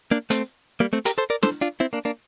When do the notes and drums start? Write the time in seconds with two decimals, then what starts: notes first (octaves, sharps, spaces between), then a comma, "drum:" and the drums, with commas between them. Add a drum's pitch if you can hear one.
0.11 A#3 D4
0.30 A3 C4, drum: hi-hat
0.80 G3 A#3
0.93 A3 C4
1.05 G4 A#4, drum: hi-hat
1.18 A4 C5
1.30 A#4 D5
1.43 A4 C5, drum: snare
1.61 D4 F4
1.80 C4 E4
1.93 A#3 D4
2.05 A#3 D4